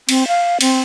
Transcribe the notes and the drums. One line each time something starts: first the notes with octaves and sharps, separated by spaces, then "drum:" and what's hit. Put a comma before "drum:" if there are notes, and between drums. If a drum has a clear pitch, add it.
C4, drum: cymbal
F5
C4, drum: cymbal